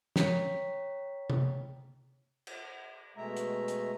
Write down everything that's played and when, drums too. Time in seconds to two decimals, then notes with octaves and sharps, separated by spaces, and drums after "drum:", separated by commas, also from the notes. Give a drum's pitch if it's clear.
0.16 C#5 G5 A#5 B6, drum: snare
1.30 drum: tom C3
2.47 drum: cymbal
3.17 B2 G#3 A3 E5 A#5
3.37 drum: hi-hat
3.68 drum: hi-hat